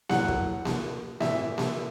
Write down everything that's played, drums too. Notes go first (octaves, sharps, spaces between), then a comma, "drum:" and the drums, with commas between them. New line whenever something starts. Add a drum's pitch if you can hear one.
A2 F#3 F#5, drum: snare A#3
drum: kick
drum: snare A#3
A2 E3 E5, drum: snare A#3
drum: snare A#3